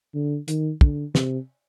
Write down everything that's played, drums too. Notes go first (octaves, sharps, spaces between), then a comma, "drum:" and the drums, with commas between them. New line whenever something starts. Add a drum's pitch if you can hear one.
D3
D#3, drum: hi-hat
D3, drum: kick
C3, drum: snare